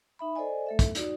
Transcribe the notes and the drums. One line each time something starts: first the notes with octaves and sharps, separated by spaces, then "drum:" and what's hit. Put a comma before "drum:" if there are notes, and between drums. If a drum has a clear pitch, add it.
D#4 E5 B5
A4 C5 D5 D#5 G#5
A3 A4 E5
drum: kick, hi-hat
D#4 F#4 D5, drum: hi-hat